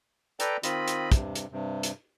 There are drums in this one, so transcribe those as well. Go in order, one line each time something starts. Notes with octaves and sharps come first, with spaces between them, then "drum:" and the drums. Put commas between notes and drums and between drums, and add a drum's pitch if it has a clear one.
A4 B4 D5 G5 A#5, drum: hi-hat
D#3 C4 F4 D#5 B5, drum: hi-hat
drum: hi-hat
G2 C3, drum: kick, hi-hat
drum: hi-hat
G2 C3
drum: hi-hat